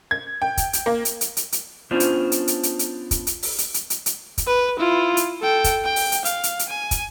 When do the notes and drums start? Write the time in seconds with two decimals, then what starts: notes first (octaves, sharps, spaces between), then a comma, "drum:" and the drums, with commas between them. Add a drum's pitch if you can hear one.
0.11 G#6
0.42 G5
0.57 drum: kick, hi-hat
0.73 drum: hi-hat
0.86 A#3
1.05 drum: hi-hat
1.21 drum: hi-hat
1.37 drum: hi-hat
1.52 drum: hi-hat
1.91 B3 C#4 D4 F4 C5
2.00 drum: hi-hat
2.32 drum: hi-hat
2.47 drum: hi-hat
2.63 drum: hi-hat
2.79 drum: hi-hat
3.11 drum: kick, hi-hat
3.27 drum: hi-hat
3.43 drum: open hi-hat
3.58 drum: hi-hat
3.74 drum: hi-hat
3.90 drum: hi-hat
4.06 drum: hi-hat
4.38 drum: kick, hi-hat
4.47 B4
4.78 E4 F4
5.17 drum: hi-hat
5.41 A4 G5
5.64 drum: kick, hi-hat
5.85 G5
5.96 drum: open hi-hat
6.12 drum: hi-hat
6.25 F5, drum: hi-hat
6.43 drum: hi-hat
6.59 drum: hi-hat
6.69 G#5
6.91 drum: kick, hi-hat